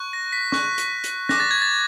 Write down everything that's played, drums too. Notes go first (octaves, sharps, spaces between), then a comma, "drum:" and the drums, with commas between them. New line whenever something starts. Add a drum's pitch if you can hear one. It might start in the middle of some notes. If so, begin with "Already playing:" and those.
Already playing: C#6 F#6
A#6
B6
C#6 F#6, drum: snare
drum: hi-hat
drum: hi-hat
D6 F#6 A#6, drum: snare
A6
G#6
A6